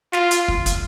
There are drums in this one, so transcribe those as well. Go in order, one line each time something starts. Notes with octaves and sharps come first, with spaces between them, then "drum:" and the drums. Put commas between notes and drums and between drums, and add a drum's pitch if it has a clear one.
F4, drum: snare
drum: hi-hat
drum: kick
drum: kick, hi-hat